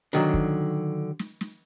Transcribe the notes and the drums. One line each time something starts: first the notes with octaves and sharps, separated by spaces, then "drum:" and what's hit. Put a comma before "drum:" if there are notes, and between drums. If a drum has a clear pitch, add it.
D3 D#3 F#3
drum: kick
drum: snare
drum: snare